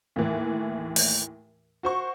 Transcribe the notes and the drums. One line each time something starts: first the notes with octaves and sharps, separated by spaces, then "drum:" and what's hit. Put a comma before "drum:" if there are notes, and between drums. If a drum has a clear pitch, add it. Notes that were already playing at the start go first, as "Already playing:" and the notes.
D#2 A2 E3
drum: open hi-hat
F#4 C5 C#6